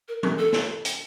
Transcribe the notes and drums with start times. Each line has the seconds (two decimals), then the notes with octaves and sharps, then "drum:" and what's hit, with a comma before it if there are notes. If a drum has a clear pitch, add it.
0.08 A#4
0.23 A#4, drum: tom E3
0.39 A4
0.52 drum: snare
0.85 drum: hi-hat